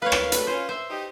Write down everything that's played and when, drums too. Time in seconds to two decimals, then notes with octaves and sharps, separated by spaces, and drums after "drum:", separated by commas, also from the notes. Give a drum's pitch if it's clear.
0.02 A#4 B4 C#5 F5
0.12 drum: rim click
0.32 G#2 G3 A3 B4, drum: hi-hat
0.47 C#4 F4 C5
0.69 C5 E5
0.89 D#4 G4